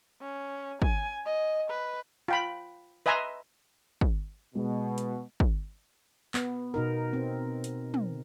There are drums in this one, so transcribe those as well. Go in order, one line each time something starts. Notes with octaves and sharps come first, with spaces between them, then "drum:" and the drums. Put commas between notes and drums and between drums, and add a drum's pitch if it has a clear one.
C#4
G#5, drum: kick
D#5
B4
F4 G5 B5
B4 D#5 E5 G#5 A#5 C6
drum: kick
B2 G#3
drum: hi-hat
drum: kick
B3, drum: clap
B2 D#4 A#4
C4
drum: hi-hat
drum: tom